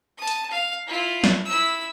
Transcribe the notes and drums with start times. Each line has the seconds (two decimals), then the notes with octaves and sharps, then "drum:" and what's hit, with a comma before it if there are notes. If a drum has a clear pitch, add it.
0.18 A5 D#6
0.27 drum: hi-hat
0.51 F5
0.87 E4 F4
1.24 drum: snare
1.45 E4 E6